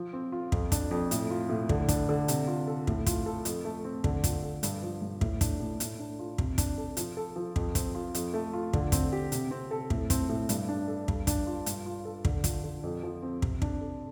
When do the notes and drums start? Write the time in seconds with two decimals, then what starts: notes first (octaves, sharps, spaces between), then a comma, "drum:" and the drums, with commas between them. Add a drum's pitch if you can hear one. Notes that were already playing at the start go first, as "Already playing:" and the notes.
Already playing: F3
0.13 C4
0.32 F4
0.52 F2, drum: kick
0.72 D4, drum: kick, hi-hat
0.91 F2
1.11 A2, drum: hi-hat
1.31 F4
1.49 A2
1.69 D3, drum: kick
1.89 D4, drum: kick, hi-hat
2.09 D3
2.28 C3, drum: hi-hat
2.47 F4
2.67 A4
2.87 A2, drum: kick
3.06 F4, drum: kick, hi-hat
3.26 A4
3.45 F2, drum: hi-hat
3.65 A3
3.84 C4
4.04 D3, drum: kick
4.24 F4, drum: kick, hi-hat
4.43 A4
4.63 G2, drum: hi-hat
4.83 F3
5.02 G2
5.21 A2, drum: kick
5.41 D4, drum: kick, hi-hat
5.60 A2
5.80 A2, drum: hi-hat
5.99 D4
6.19 F4
6.38 C3, drum: kick
6.58 D4, drum: kick, hi-hat
6.78 A4
6.97 F3, drum: hi-hat
7.17 A4
7.36 F3
7.56 F2, drum: kick
7.75 C4, drum: kick, hi-hat
7.95 F4
8.15 F2, drum: hi-hat
8.34 A3
8.53 F4
8.73 D3, drum: kick
8.92 C4, drum: kick, hi-hat
9.13 G4
9.32 C3, drum: hi-hat
9.51 C4
9.71 A4
9.90 A2, drum: kick
10.10 C4, drum: kick, hi-hat
10.29 A2
10.49 G2, drum: hi-hat
10.69 D4
10.88 A4
11.08 G2, drum: kick
11.27 D4, drum: kick, hi-hat
11.47 F4
11.66 G2, drum: hi-hat
11.86 F4
12.05 A4
12.25 D3, drum: kick
12.44 F4, drum: kick, hi-hat
12.64 D3
12.83 F2
13.03 F3
13.22 C4
13.42 C3, drum: kick
13.62 D4, drum: kick
13.81 A4